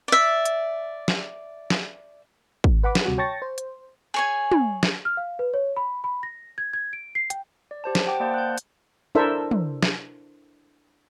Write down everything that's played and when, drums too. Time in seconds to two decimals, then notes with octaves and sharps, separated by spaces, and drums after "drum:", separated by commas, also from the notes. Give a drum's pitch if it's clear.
0.08 D5 E5
0.45 drum: hi-hat
1.08 drum: snare
1.70 drum: snare
2.64 drum: kick
2.84 B4 F#5 B5 D6
2.95 drum: snare
3.05 D2 C3 G3 F#4
3.18 C#5 G5 A5 C#6 A6 A#6
3.42 C5
3.58 drum: hi-hat
4.14 G#4 C#5 G#5
4.52 drum: tom
4.83 drum: snare
5.05 F6
5.17 F5
5.39 B4
5.54 C#5
5.76 B5
6.04 B5
6.23 A#6
6.58 G#6
6.73 G#6
6.93 D7
7.15 C7
7.30 G5, drum: hi-hat
7.71 D5
7.84 G4 C5 A5
7.95 drum: snare
8.07 F#5 G5 D6
8.20 A#3 C5 D5 F#5 A5 G6
8.34 F#6 G6
8.58 drum: hi-hat
9.15 D4 E4 A4 A#4 C5 E5
9.51 drum: tom
9.83 drum: snare